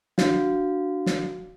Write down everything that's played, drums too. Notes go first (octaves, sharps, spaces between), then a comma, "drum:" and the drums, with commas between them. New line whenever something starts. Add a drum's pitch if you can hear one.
D4 F#4 F5, drum: snare
drum: snare